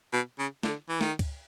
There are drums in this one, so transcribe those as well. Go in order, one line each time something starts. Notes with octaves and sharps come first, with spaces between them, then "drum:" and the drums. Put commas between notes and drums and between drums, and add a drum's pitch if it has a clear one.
B2
C#3
D3, drum: snare
E3
D#3, drum: snare
drum: kick C#2, cymbal